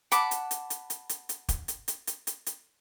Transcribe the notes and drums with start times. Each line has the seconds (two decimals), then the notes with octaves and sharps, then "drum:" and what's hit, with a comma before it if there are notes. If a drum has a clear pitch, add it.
0.12 F#5 A5 B5 D6, drum: hi-hat
0.31 drum: hi-hat
0.51 drum: hi-hat
0.70 drum: hi-hat
0.90 drum: hi-hat
1.09 drum: hi-hat
1.29 drum: hi-hat
1.49 drum: kick, hi-hat
1.68 drum: hi-hat
1.88 drum: hi-hat
2.07 drum: hi-hat
2.27 drum: hi-hat
2.46 drum: hi-hat